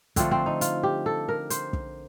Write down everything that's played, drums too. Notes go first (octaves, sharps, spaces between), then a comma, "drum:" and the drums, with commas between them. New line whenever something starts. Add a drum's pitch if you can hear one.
D3 F3 A3 C4, drum: kick, hi-hat
C4
D#4
F4, drum: hi-hat
G4
A4
A#4
C5, drum: hi-hat
drum: kick